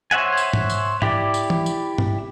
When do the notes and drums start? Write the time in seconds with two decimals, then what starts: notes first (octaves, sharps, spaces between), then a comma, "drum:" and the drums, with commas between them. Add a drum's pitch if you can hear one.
0.11 C5 C#5 E5 F#5 G#5
0.37 drum: tambourine
0.53 drum: tom G#2
0.70 drum: tambourine
1.02 E4 G4 D5, drum: tom G#2
1.34 drum: tambourine
1.50 drum: tom E3
1.66 drum: tambourine
1.98 drum: tom G2